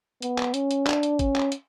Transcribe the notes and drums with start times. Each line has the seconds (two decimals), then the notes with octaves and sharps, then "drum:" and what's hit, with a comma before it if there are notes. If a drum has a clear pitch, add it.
0.22 B3, drum: hi-hat
0.38 drum: clap
0.54 C#4, drum: hi-hat
0.71 drum: hi-hat
0.87 D4, drum: clap
1.03 drum: hi-hat
1.19 C#4, drum: kick G#1, hi-hat
1.36 drum: clap
1.52 drum: hi-hat